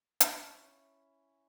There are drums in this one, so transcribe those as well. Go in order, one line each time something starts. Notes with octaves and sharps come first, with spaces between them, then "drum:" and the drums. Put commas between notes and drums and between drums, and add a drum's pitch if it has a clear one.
C#4 E4, drum: hi-hat